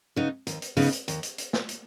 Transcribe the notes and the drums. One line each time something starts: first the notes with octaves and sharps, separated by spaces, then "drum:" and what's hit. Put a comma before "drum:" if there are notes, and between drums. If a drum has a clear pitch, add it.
C#3 B3 D#4
D#2, drum: hi-hat
drum: hi-hat
C#3 B3 D#4, drum: open hi-hat
drum: hi-hat
D#2, drum: hi-hat
drum: hi-hat
drum: hi-hat
drum: snare
drum: hi-hat